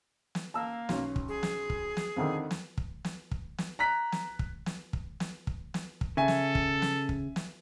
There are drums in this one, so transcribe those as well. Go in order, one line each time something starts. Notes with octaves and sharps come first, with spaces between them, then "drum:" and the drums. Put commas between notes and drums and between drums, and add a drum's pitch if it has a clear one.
drum: snare
A#3 A5 E6
B1 C#4, drum: snare
drum: kick
G#4
drum: snare
drum: kick
drum: snare
F2 D3 D#3
drum: snare
drum: kick
drum: snare
drum: kick
drum: snare
A#5 F#6 B6
drum: snare
drum: kick
drum: snare
drum: kick
drum: snare
drum: kick
drum: snare
drum: kick
C#3 A4 E5 G#5
drum: snare
drum: kick
drum: snare
drum: kick
drum: snare